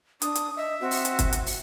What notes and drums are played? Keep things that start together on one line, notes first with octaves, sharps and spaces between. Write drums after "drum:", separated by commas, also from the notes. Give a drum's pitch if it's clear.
D4 D#6, drum: hi-hat
drum: hi-hat
D#5 E5
C4 F#4
drum: open hi-hat
drum: hi-hat
drum: kick, hi-hat
drum: hi-hat
drum: open hi-hat